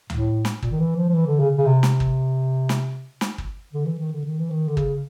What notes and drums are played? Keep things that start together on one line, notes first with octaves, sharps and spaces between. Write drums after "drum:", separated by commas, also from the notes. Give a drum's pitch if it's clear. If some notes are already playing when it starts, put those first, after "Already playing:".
A2, drum: tom C#2
drum: snare
A#2, drum: kick
D#3
E3
F3
F3
E3
D3
C#3
C#3
C3
drum: snare
drum: kick
drum: snare
drum: snare
drum: kick
D3
E3
D#3
D3
D#3
E3
D#3
D3
C#3, drum: kick